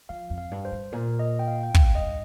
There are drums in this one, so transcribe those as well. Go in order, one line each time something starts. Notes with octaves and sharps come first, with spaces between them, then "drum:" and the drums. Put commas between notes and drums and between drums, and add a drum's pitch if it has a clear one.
F3 F5
F2
F5
G2
C5
G2
A#2 A#4
D#5
G5
F5
G5
G2 F5, drum: kick
D#5